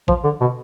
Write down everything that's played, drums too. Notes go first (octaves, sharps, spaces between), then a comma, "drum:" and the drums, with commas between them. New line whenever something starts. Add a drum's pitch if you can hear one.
F3, drum: kick
D3
B2